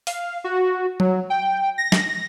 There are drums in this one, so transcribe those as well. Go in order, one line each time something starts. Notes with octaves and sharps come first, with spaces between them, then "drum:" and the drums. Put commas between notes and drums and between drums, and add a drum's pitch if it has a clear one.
F5, drum: open hi-hat
F#4
F#3, drum: tom F#3
G5
A#6
drum: snare